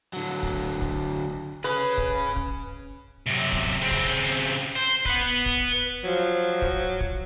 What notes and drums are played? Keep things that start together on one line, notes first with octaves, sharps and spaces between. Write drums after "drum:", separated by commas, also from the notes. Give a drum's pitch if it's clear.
D3 F#3
drum: kick
drum: kick
C#4 G#4 B4
drum: kick
drum: kick
F#2 C3
drum: kick
C#3 C4
drum: kick
C5
B4 F#5, drum: kick
drum: kick
F3 F#3
drum: kick
drum: kick